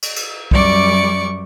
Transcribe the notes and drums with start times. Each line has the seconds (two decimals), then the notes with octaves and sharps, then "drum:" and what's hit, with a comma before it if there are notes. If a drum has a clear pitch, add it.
0.02 drum: cymbal
0.16 drum: cymbal
0.51 F#2 G3 D5 C#6 D6, drum: kick